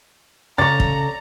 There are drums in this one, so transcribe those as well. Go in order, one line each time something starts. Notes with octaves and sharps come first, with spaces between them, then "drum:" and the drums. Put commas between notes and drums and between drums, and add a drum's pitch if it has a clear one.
C#3 A4 D5 A#5 C#6 A6
drum: kick